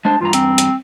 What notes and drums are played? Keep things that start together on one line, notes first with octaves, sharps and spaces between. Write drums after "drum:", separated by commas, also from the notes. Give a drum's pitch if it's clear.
G#3 D4 C5 A5
E2 G2 F4 A#5
C4, drum: hi-hat
drum: hi-hat